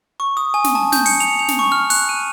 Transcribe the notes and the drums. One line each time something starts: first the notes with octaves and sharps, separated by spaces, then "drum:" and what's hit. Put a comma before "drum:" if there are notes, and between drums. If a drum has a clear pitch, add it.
C#6
D#6
G#5
drum: snare
A5
G6, drum: snare
C#7, drum: open hi-hat
F7, drum: hi-hat
F7
drum: snare
C#6
F6
F#6, drum: open hi-hat
D#7